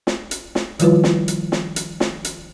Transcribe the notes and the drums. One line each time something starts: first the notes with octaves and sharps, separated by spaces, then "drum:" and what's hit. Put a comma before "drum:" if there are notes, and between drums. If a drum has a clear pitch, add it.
drum: snare
drum: hi-hat
drum: snare
D#3 F3 G3 E4 F4 B4, drum: hi-hat
drum: snare
drum: hi-hat
drum: snare
drum: hi-hat
drum: snare
drum: hi-hat